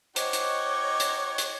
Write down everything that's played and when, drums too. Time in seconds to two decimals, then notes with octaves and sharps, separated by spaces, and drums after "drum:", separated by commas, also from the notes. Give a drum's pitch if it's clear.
0.16 D#4 F#4 C5 C#5 D#5 G5 D6, drum: hi-hat
0.33 drum: hi-hat
1.00 drum: hi-hat
1.38 drum: hi-hat